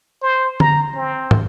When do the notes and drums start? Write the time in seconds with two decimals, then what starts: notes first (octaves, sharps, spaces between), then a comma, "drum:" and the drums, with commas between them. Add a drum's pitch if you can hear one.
0.22 C5
0.60 A#5, drum: tom D3
0.96 C4
1.31 drum: tom